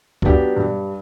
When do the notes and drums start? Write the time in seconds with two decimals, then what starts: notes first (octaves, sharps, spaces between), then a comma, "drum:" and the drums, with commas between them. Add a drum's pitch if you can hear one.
0.22 F#3 B3 D4 G4, drum: kick
0.56 G2